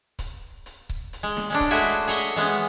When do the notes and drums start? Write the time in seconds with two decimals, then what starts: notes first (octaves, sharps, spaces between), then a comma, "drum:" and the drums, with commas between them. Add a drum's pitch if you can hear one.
0.19 drum: kick C#1, hi-hat
0.66 drum: hi-hat
0.89 drum: kick C#1
1.13 drum: hi-hat
1.23 G#3
1.37 drum: snare
1.50 G#3 C#4 D4
1.60 drum: kick C#1, hi-hat
1.71 G#3 A3 E4 F#4 G#4 E5
2.07 G#4 C#5 D#5 E5 F#5, drum: hi-hat
2.36 E3 G#3 B3 C#4